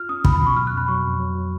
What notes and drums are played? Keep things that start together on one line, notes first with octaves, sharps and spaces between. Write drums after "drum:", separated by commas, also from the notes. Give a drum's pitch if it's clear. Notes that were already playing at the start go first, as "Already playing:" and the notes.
Already playing: F4 F6
C#4 D#6
B2 B5, drum: kick
B5
B2
C#6
F#3 F6
F#6
F2 B5
F#3 C#6
F2
F#3
F#3